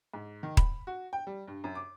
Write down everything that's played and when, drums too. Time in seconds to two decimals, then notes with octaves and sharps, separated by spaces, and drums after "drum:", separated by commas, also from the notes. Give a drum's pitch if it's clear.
0.14 G#2
0.43 D#3
0.57 B5, drum: kick D#1
0.87 F#4
1.13 G5
1.27 G3
1.48 G2
1.64 F#2
1.75 D6